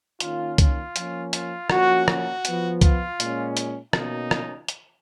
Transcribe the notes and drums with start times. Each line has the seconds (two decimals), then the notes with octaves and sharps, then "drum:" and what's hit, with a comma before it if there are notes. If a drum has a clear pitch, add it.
0.20 D#3 A#3 C#4 F4, drum: hi-hat
0.58 F4, drum: kick C2, hi-hat
0.96 F3 A#3 C#4, drum: hi-hat
1.33 F4, drum: hi-hat
1.70 F3 A#3 C#4 F#4, drum: rim click
2.08 F#4, drum: rim click
2.45 F3 B3, drum: hi-hat
2.81 F4, drum: kick C2, hi-hat
3.20 A#2 G#3 C#4, drum: hi-hat
3.57 drum: hi-hat
3.93 B2 A#3 C#4 D#4, drum: rim click
4.31 drum: rim click
4.68 drum: hi-hat